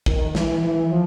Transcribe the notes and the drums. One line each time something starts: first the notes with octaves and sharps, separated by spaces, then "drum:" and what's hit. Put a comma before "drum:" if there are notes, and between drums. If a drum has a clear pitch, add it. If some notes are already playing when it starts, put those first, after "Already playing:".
D#3, drum: kick
E3, drum: snare
E3
F3